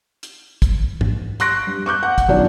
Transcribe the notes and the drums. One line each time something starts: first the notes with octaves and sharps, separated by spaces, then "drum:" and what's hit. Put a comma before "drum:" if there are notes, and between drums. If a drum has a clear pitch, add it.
drum: hi-hat
drum: kick, hi-hat
drum: tom
C6 C#6 F#6 A#6 D7, drum: hi-hat
G2
C#6 D6 F#6 G6
F#5
drum: kick, hi-hat
F#2 B2 D#3 F3 F#3 D4